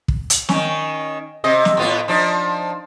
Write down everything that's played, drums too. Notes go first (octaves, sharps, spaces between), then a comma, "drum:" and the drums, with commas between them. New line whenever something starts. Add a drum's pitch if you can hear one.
drum: kick
drum: hi-hat
D#3 C#4, drum: snare
C3 D#5
drum: snare
A2 B3 F4
F3 D4 D#4